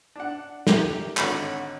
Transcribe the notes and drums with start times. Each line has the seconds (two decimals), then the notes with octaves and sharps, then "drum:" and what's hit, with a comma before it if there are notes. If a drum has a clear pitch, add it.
0.16 D4 F#5
0.67 A3 G4 A#4, drum: snare
1.17 G#1 D3 C#5 F#5 B5, drum: clap